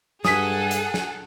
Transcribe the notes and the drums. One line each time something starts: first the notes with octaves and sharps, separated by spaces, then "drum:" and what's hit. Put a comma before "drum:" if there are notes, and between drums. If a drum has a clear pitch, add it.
G2 G#4 A4 F#5 G#5 D#6 B6, drum: snare
drum: hi-hat
drum: snare